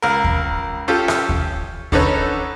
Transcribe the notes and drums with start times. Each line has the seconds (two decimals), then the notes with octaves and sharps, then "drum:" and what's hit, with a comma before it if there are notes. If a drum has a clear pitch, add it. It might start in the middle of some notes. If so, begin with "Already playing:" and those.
0.02 C#2 A#4
0.24 drum: kick D#2
0.88 C#4 F4 G4 A4
1.08 drum: rim click
1.29 drum: kick D#2
1.92 D3 C#4 D#4 A4 B4 C#5, drum: kick D#2